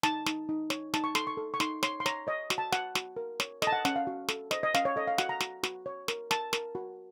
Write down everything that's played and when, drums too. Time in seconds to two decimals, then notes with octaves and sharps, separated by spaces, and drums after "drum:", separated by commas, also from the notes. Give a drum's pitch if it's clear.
0.03 D#4 A5, drum: snare
0.26 D#4, drum: snare
0.49 D#4
0.70 C#5, drum: snare
0.94 D#4 A5, drum: snare
1.04 C#6
1.15 A4 C6, drum: snare
1.27 C#6
1.37 A4
1.54 C#6
1.60 D#4 C6, drum: snare
1.83 C#5 C6, drum: snare
2.00 C6
2.06 C#5 A#5, drum: snare
2.27 C#5 D#5
2.50 F#4, drum: snare
2.58 A5
2.72 F#4 F#5, drum: snare
2.95 F#4, drum: snare
3.16 A#4
3.40 C#5, drum: snare
3.62 A4 D#5, drum: snare
3.67 A5
3.72 F#5
3.85 C#4 F#5, drum: snare
3.96 F5
4.07 F#4
4.28 A4, drum: snare
4.51 C5 D#5, drum: snare
4.63 D#5
4.74 C#4 F5, drum: snare
4.85 C#5
4.96 A4 D#5
5.08 F5
5.18 F#4 F#5, drum: snare
5.29 A#5
5.40 F#4, drum: snare
5.63 F#4, drum: snare
5.86 C#5
6.08 A#4, drum: snare
6.31 A#4 A5, drum: snare
6.53 A#4, drum: snare
6.75 F#4